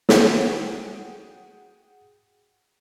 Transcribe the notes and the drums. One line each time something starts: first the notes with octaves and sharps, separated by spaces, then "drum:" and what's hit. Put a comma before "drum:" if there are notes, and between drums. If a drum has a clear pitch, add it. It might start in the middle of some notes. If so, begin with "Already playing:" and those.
F#4 G#4 G5, drum: snare